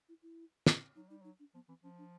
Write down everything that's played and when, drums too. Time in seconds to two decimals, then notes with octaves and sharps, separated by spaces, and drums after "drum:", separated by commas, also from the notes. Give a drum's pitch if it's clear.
0.09 E4
0.23 E4
0.66 drum: snare
0.96 F#3 D#4
1.09 G3 D#4
1.22 F#3 D#4
1.39 D4
1.54 F3 B3
1.68 E3 C4
1.83 F3 C#4
1.98 D4